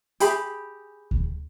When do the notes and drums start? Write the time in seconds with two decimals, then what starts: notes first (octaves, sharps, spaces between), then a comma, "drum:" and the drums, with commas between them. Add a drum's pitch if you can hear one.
0.20 G4 G#4 B5, drum: hi-hat
1.11 drum: kick D2